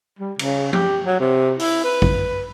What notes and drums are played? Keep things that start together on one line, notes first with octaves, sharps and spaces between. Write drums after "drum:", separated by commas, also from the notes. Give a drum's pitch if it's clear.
G3
C#3, drum: cymbal
G4, drum: tom F3
F#3
C3
E4, drum: open hi-hat
B4
drum: kick A1